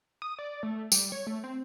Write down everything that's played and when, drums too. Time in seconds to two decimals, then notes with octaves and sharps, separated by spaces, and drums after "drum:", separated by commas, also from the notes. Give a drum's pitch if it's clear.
0.22 D#6
0.39 D5
0.63 A3
0.92 G3, drum: tambourine
1.12 C#5
1.27 A3
1.44 C4